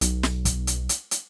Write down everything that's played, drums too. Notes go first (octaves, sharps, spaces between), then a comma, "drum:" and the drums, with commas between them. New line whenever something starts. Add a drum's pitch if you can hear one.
B1, drum: hi-hat
drum: snare
drum: kick, hi-hat
drum: hi-hat
drum: hi-hat
drum: hi-hat